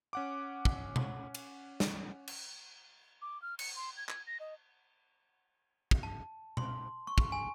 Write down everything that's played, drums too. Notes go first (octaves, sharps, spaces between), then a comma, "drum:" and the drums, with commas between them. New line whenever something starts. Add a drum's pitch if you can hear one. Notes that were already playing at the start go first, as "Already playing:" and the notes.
C#4 F#5 D6
drum: kick
drum: tom B2
drum: cymbal
drum: snare
drum: cymbal
D6
F6
C#7, drum: cymbal
C6
G#6
G#6, drum: clap
A#6
D#5
drum: kick
A5
C6, drum: tom B2
C#6
drum: kick
G#5